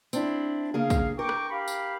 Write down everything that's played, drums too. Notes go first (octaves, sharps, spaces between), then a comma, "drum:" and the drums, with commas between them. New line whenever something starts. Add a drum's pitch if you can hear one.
C4 D4 E4, drum: tambourine
C#3 A#3 G#4 F5
drum: kick, tambourine
A#4 G5 C#6 D6
drum: rim click
G4 F5 B5
drum: tambourine